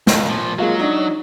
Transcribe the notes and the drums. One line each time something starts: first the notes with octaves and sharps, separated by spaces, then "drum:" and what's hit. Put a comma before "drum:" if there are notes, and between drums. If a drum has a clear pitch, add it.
C#2, drum: snare
A#2 F3
F#3 G#3 A#3 F4
D4 D#4